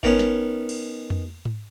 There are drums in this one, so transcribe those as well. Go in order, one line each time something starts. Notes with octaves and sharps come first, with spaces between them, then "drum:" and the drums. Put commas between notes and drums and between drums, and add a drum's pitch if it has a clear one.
D#3 B3 C#4, drum: kick G#1
drum: snare
drum: cymbal
drum: tom F2
drum: tom G#2